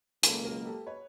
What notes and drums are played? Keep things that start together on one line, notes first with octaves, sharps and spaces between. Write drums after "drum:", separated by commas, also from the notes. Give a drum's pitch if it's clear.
C#2 B2 F#3 A#3 A4 B4, drum: hi-hat
G#4 A#4
G4 A4
B4 C#5